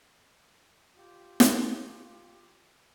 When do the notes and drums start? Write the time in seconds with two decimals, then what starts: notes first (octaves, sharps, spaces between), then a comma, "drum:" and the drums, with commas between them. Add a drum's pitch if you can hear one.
0.96 F4 G4
1.40 drum: snare